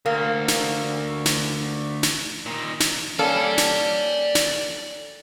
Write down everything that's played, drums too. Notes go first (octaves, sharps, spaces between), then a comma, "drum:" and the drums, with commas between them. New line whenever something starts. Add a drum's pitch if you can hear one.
D2 A#3
drum: snare
drum: snare
drum: snare
A#2 D#3
drum: snare
A#3 C#4 A4 D5 G5
drum: snare
drum: snare